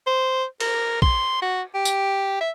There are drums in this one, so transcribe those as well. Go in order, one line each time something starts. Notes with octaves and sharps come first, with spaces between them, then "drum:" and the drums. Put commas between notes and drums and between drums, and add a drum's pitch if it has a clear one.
C5
A#4, drum: cymbal
C6, drum: kick
F#4
G4
drum: tambourine
E5